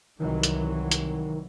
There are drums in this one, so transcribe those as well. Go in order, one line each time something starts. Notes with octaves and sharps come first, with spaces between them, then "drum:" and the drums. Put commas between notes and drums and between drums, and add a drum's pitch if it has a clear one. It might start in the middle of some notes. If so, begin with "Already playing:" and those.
C2 D#3 E3 F#3
drum: hi-hat
drum: hi-hat